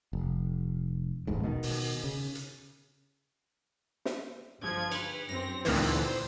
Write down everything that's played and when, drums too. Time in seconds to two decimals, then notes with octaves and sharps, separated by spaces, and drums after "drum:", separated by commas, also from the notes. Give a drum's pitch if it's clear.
0.13 F1
1.27 D#1 A1 G#2
1.43 B2 D3 D#3
1.63 drum: open hi-hat
2.04 C#3
2.35 drum: hi-hat
4.05 drum: snare
4.61 G1 F3 G#6
4.92 B4, drum: cymbal
5.29 F#2 C4 A#6
5.65 D2 A#2 D#3 E3 C4 D4, drum: open hi-hat
5.96 C5